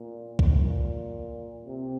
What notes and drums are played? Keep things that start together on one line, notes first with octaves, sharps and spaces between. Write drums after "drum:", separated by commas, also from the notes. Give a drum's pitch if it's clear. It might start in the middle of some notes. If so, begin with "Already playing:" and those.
Already playing: A#2
drum: kick
A#2
C3